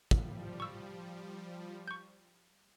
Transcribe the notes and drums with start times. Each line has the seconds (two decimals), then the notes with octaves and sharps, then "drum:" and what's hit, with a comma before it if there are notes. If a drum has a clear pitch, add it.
0.11 F3 G3, drum: kick
0.60 C#6 E6
1.88 C#6 G6